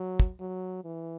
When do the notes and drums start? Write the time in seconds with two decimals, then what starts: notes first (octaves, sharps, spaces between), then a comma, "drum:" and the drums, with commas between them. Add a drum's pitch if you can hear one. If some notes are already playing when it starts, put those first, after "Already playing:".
Already playing: F#3
0.20 drum: kick
0.40 F#3
0.84 E3